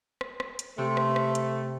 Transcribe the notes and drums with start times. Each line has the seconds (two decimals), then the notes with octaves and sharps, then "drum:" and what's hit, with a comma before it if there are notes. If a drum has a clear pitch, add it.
0.21 drum: rim click
0.40 drum: rim click
0.59 drum: hi-hat
0.78 C3 A3
0.97 drum: rim click
1.16 drum: rim click
1.35 drum: hi-hat